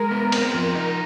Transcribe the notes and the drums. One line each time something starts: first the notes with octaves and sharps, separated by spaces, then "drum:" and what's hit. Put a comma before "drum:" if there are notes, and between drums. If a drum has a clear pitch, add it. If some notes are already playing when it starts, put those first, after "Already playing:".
Already playing: G#3 A#4
B3
C4, drum: cymbal
F3
D#4